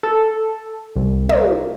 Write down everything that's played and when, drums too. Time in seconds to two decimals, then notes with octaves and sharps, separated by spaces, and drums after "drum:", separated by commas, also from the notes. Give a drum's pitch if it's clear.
0.03 A4
0.96 C2
1.29 A#3, drum: tom